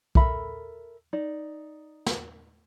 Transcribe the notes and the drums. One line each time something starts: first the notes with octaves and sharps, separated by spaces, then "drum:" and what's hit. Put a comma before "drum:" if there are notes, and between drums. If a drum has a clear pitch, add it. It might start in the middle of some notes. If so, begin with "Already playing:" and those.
A4 A#4 E5 B5, drum: kick B1
D#4 D5
drum: snare